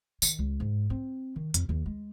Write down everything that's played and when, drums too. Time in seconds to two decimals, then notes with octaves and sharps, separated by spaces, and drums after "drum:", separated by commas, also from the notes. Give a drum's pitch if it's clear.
0.22 D#3, drum: tambourine
0.39 C#2
0.60 G#2
0.90 C4
1.36 D#3
1.54 F2, drum: hi-hat
1.69 D#2
1.86 G#3